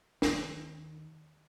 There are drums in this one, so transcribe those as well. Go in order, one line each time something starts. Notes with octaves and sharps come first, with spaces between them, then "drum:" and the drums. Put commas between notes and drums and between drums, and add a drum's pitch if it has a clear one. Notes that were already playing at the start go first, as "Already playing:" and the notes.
D#2 D#3, drum: snare